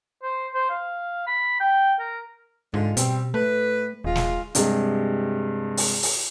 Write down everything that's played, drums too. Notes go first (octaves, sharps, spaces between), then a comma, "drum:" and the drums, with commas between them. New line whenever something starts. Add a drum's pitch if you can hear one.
C5
C5
F5
B5
G5
A#4
G#2 D3 G#3 F4
B2 G3 C4, drum: hi-hat
A2 A3 B4
D#1 G#3 F4
drum: snare
G2 C3 G#3, drum: hi-hat
drum: open hi-hat
drum: open hi-hat